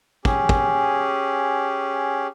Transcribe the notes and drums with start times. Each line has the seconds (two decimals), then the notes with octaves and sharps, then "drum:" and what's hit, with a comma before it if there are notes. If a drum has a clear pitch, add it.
0.25 C#4 G4 G#4, drum: kick
0.49 drum: kick